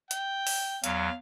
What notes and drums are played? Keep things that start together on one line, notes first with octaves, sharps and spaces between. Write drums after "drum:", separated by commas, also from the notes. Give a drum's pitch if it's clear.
G5, drum: hi-hat
drum: open hi-hat
E2 F#3 F5, drum: hi-hat